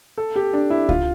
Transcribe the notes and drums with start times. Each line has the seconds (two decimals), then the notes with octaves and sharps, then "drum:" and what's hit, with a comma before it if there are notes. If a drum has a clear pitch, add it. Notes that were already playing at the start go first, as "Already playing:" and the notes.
0.18 A4
0.36 G4
0.53 D4
0.70 E4
0.89 F4, drum: kick C#2